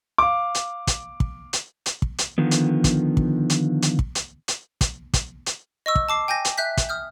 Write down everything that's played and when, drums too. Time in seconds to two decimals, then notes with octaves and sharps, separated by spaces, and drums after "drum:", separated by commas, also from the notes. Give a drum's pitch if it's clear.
0.18 F5 D6
0.55 drum: hi-hat
0.87 drum: kick, hi-hat
1.20 drum: kick
1.53 drum: hi-hat
1.86 drum: hi-hat
2.02 drum: kick
2.18 drum: hi-hat
2.38 D3 D#3 F3 B3
2.51 drum: hi-hat
2.84 drum: kick, hi-hat
3.17 drum: kick
3.50 drum: hi-hat
3.82 drum: hi-hat
3.99 drum: kick
4.15 drum: hi-hat
4.48 drum: hi-hat
4.81 drum: kick, hi-hat
5.14 drum: kick, hi-hat
5.46 drum: hi-hat
5.86 D#5 C#6 E6
5.95 drum: kick
6.09 A5 D6 C7
6.28 G5 G#5 G6 A#6
6.45 drum: hi-hat
6.58 E5 F#6 G6 B6
6.77 drum: kick, hi-hat
6.89 D#6 F6 G6